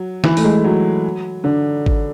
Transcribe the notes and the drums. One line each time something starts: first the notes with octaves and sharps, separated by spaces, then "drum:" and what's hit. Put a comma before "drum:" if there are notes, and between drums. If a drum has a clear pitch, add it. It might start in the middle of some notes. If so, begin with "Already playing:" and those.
Already playing: F#3
E3, drum: snare
A3, drum: open hi-hat
G#3
F#3
D3
drum: kick